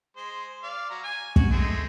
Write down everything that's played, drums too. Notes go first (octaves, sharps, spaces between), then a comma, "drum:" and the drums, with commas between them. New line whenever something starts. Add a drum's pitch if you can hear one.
G#3 C5
D5 F5
F#3 A#5
G#5
F#4, drum: kick
G#3 A3 C4